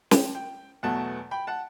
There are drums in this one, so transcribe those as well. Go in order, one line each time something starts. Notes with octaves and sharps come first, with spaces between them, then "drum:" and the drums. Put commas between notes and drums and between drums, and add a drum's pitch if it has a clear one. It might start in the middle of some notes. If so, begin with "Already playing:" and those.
G5, drum: snare
G5
E2 B2 F#3 A3 F#5 A5
G5 B5
F#5 A5